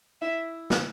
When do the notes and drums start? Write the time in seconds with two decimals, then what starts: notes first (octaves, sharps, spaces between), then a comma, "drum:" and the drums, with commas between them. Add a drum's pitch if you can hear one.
0.22 E4 E5
0.70 drum: snare